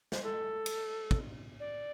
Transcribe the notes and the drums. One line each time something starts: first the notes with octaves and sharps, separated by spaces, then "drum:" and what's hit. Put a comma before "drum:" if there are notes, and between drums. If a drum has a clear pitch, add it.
C5, drum: snare
A4
drum: cymbal
drum: kick
D5